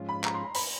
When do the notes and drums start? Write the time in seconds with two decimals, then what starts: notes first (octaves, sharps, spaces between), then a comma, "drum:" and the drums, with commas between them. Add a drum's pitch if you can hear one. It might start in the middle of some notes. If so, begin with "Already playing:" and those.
Already playing: G#2 F3 G#3 C#4 F4
0.09 B5
0.24 A#5, drum: clap
0.34 C6
0.44 B5
0.55 B5, drum: open hi-hat